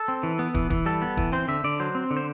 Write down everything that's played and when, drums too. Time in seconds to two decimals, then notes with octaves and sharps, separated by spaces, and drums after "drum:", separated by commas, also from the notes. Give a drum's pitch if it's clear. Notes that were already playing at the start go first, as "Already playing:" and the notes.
Already playing: A4
0.08 C4
0.23 E3
0.39 B3
0.55 E3, drum: kick
0.70 E3, drum: kick
0.86 G3 A4
1.02 B3
1.17 E3, drum: kick
1.32 C4 C5
1.48 D3 E5
1.64 D3 D5
1.80 F#3 C5
1.95 C4
2.11 D3
2.17 C5